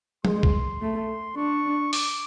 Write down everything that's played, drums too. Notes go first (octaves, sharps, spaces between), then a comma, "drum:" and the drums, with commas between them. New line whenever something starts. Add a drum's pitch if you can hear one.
G#3 C6, drum: tom
drum: kick B1
A3
D4 C#6
D6, drum: open hi-hat